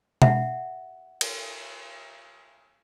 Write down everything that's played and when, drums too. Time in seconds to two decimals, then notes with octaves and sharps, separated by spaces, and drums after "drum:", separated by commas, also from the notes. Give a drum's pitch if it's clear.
0.22 E5 F#5, drum: tom B2
1.21 drum: cymbal